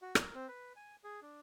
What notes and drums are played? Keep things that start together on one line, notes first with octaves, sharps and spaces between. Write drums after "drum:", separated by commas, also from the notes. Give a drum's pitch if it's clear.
F#4
A#4, drum: rim click
C4
B4
G#5
G#4
D4